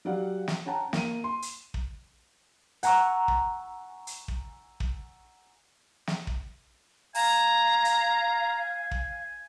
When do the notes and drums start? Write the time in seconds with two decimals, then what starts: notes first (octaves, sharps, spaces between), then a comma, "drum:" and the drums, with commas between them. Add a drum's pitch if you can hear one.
0.05 F#3 G3 D5 F5 F#5
0.48 drum: snare
0.66 C#4 F#5 G5 A5 A#5
0.93 A#3 D#7, drum: snare
1.24 C6
1.42 drum: hi-hat
1.74 drum: kick
2.83 F#5 G#5 A#5 C#6 E6, drum: hi-hat
3.28 drum: kick
4.07 drum: hi-hat
4.28 drum: kick
4.80 drum: kick
6.07 drum: snare
6.27 drum: kick
7.15 F5 G#5 A#5, drum: open hi-hat
7.85 drum: hi-hat
8.91 drum: kick